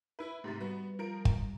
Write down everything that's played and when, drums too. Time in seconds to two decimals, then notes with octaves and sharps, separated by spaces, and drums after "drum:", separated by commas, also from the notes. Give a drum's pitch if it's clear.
0.19 E4 B4 E5
0.44 G#2 C3 A3 G4 A6
0.60 G3 B3 F#4
0.99 F3 A#4 D7
1.25 drum: kick